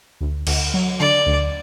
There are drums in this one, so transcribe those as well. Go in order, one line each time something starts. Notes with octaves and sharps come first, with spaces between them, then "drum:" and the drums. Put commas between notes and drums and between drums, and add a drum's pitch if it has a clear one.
D2
D2, drum: cymbal
F#3
D3 D5
D2